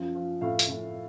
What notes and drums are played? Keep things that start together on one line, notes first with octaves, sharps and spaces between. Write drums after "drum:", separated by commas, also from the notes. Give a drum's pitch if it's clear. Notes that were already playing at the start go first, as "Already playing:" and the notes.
Already playing: F#2 F3
F3
A2 F5
drum: hi-hat
A2